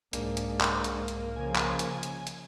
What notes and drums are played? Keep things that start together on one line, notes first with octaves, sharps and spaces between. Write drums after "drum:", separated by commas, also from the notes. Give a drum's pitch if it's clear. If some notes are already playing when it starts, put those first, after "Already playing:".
C2 G#2 G#3 A#3 D4, drum: hi-hat
drum: hi-hat
drum: clap
drum: hi-hat
drum: hi-hat
C#3 F3 G#5
drum: clap
drum: hi-hat
drum: hi-hat
drum: hi-hat